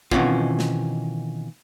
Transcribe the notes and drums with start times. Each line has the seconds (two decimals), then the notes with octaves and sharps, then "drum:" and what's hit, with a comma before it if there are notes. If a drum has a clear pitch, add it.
0.11 B2 D#3 E3 C4 C#4 F4, drum: kick
0.59 drum: snare